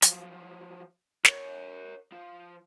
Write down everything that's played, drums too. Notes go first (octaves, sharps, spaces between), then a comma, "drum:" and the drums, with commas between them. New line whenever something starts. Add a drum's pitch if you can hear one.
F3 F#3, drum: hi-hat
A#4 C#5, drum: snare
F3